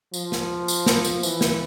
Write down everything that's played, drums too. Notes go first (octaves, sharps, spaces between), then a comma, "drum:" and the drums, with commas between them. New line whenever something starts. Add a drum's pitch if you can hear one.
F3, drum: tambourine
drum: snare
drum: tambourine
drum: snare
drum: tambourine
E3, drum: tambourine
drum: snare